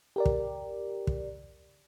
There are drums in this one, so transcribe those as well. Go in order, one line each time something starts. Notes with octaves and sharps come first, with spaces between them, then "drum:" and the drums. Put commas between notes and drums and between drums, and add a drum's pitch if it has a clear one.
G4 A#4 D5
drum: kick
drum: kick